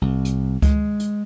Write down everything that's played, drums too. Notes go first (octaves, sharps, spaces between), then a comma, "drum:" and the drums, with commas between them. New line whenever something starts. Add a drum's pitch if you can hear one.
C2
drum: hi-hat
G#3, drum: kick C#2, hi-hat
drum: hi-hat